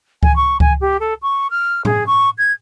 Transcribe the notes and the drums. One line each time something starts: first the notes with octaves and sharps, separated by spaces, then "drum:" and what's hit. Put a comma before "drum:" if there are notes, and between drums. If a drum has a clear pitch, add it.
G#5, drum: kick C#2
C#6
G#5, drum: kick C#2
G4
A4
C#6
F6
G#4, drum: tom A2
C#6
G#6